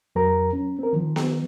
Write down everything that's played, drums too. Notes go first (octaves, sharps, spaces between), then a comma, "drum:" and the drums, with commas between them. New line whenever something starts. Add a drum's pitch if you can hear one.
F2 F#3 A#4 A#5
C#4
C4 A#4
D#3 F3
drum: snare B3